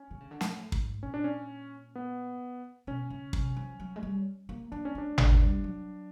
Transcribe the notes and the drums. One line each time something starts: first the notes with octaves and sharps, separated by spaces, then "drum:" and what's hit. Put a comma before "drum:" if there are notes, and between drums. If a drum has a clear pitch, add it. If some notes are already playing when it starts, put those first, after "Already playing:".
Already playing: C#4
D3
C#3
D3
A2, drum: snare
G#2, drum: kick
A#2 C#4
D4
C#4
B3
B2 C#4
C#3
C3, drum: kick
F3
F#3
G#3
G3
A#3
A#3 D4
C#4
A3 D4
G#3, drum: tom G#1
G3
F#3